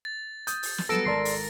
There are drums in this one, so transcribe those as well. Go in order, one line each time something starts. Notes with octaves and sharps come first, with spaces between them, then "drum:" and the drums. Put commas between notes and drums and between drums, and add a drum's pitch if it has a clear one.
A6
D#6 G6, drum: hi-hat
drum: open hi-hat
drum: snare
F#3 G3 B3 A4 A#6 D7
G#1 A#4 D5 C6 C7
drum: open hi-hat